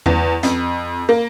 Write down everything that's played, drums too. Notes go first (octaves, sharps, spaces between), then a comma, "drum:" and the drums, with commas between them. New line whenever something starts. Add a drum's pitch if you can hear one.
E2, drum: tom E2
F2, drum: hi-hat
A#3